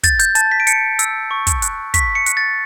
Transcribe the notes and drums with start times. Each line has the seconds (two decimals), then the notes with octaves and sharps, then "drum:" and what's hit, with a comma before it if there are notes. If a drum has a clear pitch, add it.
0.03 G6 A6, drum: kick, hi-hat
0.19 G6, drum: hi-hat
0.35 A5 A6, drum: hi-hat
0.52 B6
0.60 D7
0.67 A5 C#7, drum: hi-hat
0.99 E6, drum: hi-hat
1.31 C#6
1.47 drum: kick, hi-hat
1.62 F#6, drum: hi-hat
1.94 C#6 B6, drum: kick, hi-hat
2.15 C#7
2.26 F#6, drum: hi-hat
2.37 A6